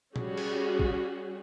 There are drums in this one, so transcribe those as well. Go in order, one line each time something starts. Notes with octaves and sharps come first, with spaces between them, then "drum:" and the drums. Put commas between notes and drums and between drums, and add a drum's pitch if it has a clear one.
G3 C#4 F#4 G#4, drum: tom A#2
drum: cymbal
drum: kick